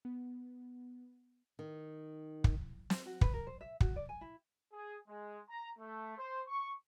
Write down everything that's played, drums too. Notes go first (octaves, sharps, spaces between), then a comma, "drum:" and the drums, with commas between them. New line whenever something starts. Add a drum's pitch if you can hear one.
B3
D#3
drum: kick
C5, drum: snare
F#4
B4, drum: kick
A#4
C5
E5
F#4, drum: kick
D5
G#5
E4
G#4
G#3
A#5
A3
C5
C#6